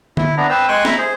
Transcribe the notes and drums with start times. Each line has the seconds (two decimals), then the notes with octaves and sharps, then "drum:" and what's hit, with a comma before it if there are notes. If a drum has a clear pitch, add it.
0.17 E4, drum: tom D3
0.37 B3 D4 A#5
0.49 C4 B4 C5 E6
0.68 G#3 G5 G#5 C6 C#6 F#6
0.85 E4 A#5 B5, drum: snare
0.98 G#4 C5